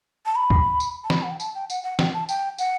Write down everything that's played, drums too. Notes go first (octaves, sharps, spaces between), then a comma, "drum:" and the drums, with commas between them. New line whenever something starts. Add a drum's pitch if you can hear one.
A5
B5
drum: kick D2
drum: tambourine
A5
B5, drum: snare
F#5
G5
A5, drum: tambourine
G5
F#5, drum: tambourine
F#5
G5, drum: snare
A5
G5, drum: tambourine
F#5, drum: tambourine